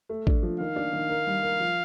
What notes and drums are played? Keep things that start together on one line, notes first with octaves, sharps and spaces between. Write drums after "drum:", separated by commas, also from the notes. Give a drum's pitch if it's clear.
A3
D4, drum: kick
F3
D#3 F5
D4
D#3
A#4
G3
A#4
F3